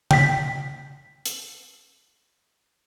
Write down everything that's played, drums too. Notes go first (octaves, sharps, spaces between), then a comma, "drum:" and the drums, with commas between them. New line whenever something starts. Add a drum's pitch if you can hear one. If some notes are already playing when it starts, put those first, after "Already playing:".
G5 B6, drum: tom C#3
drum: hi-hat